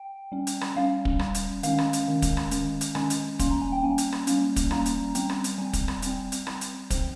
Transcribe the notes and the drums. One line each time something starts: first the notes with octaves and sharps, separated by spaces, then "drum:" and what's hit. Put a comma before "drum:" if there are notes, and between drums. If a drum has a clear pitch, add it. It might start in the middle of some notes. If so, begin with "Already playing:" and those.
Already playing: G5
G3 C#4
drum: hi-hat
drum: rim click
G3 C#4 F5
drum: kick
G3 C#4, drum: rim click
drum: hi-hat
D#3 G#3 C#4 F5, drum: hi-hat
drum: rim click
drum: hi-hat
D#3 G#3 C#4
drum: kick, hi-hat
drum: rim click
D#3 G#3 C#4, drum: hi-hat
drum: hi-hat
D#3 G#3 C#4 G#5, drum: rim click
drum: hi-hat
G3 A#3 C#4 C6, drum: kick, hi-hat
A#5
G#5
G5
G3 A#3 C#4 G#5
drum: hi-hat
drum: rim click
G3 A#3 C#4, drum: hi-hat
drum: kick, hi-hat
G3 A#3 C#4 A#5, drum: rim click
drum: hi-hat
G3 C4, drum: hi-hat
drum: rim click
drum: hi-hat
G3 C4 G#5
drum: kick, hi-hat
drum: rim click
G3 C4, drum: hi-hat
drum: hi-hat
G3 C4, drum: rim click
drum: hi-hat
F3 C4, drum: kick, hi-hat